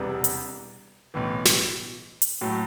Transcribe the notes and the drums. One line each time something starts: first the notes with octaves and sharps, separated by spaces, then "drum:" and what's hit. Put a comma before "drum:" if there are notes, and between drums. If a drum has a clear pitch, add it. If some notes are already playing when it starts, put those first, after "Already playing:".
Already playing: E1 E2 C3 G3 B3
drum: hi-hat
B1 A2 E3
drum: snare
drum: hi-hat
A2 F#3 A3